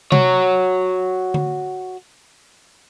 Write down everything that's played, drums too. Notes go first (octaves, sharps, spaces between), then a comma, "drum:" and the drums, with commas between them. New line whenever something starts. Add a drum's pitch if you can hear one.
F#4 C#5, drum: tom C3
drum: tom D3